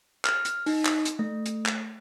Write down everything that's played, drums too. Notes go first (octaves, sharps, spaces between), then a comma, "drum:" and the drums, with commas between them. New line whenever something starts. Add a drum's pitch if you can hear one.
F6, drum: clap
drum: hi-hat
D#4, drum: open hi-hat
drum: clap
drum: hi-hat
A3
drum: hi-hat
drum: clap